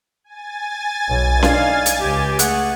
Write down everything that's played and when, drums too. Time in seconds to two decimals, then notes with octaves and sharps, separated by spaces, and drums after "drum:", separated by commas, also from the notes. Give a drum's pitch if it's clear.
0.24 G#5 A6
1.08 B1
1.43 D4 D#4 F5, drum: snare C#4
1.86 drum: hi-hat
2.00 C#2 G4
2.39 A3 G#4 F#5, drum: hi-hat